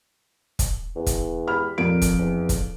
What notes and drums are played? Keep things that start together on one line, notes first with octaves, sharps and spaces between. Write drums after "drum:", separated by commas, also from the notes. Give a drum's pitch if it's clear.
drum: kick, hi-hat
E2
drum: kick, hi-hat
G4 B5 F6
F2 A#2 D7
drum: kick, hi-hat
E2
drum: kick, hi-hat